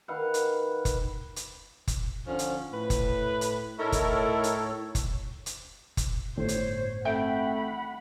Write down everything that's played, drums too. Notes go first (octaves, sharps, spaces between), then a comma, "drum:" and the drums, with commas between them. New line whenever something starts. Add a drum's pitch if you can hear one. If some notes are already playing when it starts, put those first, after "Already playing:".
D#3 B4 F5 F#5
drum: hi-hat
drum: kick F#1, hi-hat
drum: hi-hat
drum: kick F#1, hi-hat
D3 F3 C#4
drum: hi-hat
A2 B4
drum: kick F#1, hi-hat
drum: hi-hat
A2 D#4 E4 A4 A#4 C#5
drum: kick F#1, hi-hat
drum: hi-hat
drum: kick F#1, hi-hat
drum: hi-hat
drum: kick F#1, hi-hat
G1 A2 C5 C#5
drum: hi-hat
A3 C4 E5 F#5 G5 B5